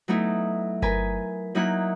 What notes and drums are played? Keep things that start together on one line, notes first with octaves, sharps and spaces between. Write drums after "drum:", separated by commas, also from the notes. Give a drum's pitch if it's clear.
F#3 A3 B3 D#4 E4
A#4 B4 G#5, drum: kick G1
F#3 A#3 D#4 E4 A#4 F#6